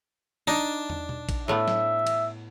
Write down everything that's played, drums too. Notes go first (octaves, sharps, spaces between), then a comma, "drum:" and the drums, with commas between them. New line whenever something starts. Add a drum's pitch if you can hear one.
D4 D#4
drum: tom
drum: tom B2
drum: kick, cymbal
A2 A3 B3 E5
drum: snare
drum: cymbal